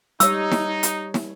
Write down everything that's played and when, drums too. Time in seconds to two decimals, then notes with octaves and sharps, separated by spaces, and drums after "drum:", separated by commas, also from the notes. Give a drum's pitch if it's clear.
0.20 G3 D#4 C#5 E6, drum: hi-hat
0.52 drum: snare
0.83 drum: hi-hat
1.14 drum: snare